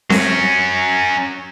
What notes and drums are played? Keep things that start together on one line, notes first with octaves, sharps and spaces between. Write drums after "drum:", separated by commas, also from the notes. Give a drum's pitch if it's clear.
F#3 C#4, drum: snare C4